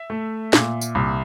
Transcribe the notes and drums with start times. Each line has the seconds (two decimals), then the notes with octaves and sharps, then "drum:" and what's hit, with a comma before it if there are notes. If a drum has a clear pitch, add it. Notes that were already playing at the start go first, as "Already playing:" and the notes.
Already playing: E5
0.10 A3
0.53 A#2, drum: snare
0.81 drum: tambourine
0.95 C2